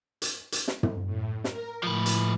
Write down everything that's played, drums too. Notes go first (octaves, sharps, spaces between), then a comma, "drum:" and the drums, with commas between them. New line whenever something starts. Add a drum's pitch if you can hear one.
drum: hi-hat
drum: hi-hat
drum: snare
drum: tom
A2
A#4, drum: snare
A2 F3 B4
drum: hi-hat